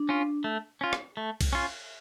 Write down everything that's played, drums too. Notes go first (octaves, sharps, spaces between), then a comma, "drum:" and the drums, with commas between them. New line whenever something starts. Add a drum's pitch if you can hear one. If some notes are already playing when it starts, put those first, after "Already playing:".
Already playing: D4
C#4 F4
A3
C#4 F4
drum: rim click
A3
drum: kick, cymbal
C#4 F4